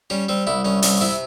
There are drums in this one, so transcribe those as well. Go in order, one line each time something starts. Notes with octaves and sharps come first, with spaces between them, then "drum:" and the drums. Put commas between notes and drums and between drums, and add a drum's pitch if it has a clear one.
G3 C#4
G3 C4
C2 E4
C2 C#4
C2 C#4, drum: open hi-hat
C3 E4